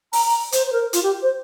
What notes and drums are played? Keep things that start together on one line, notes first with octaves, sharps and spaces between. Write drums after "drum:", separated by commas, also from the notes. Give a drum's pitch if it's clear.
A#5, drum: open hi-hat
A#5
C5, drum: hi-hat
C5
A#4
F4, drum: hi-hat
G4
C5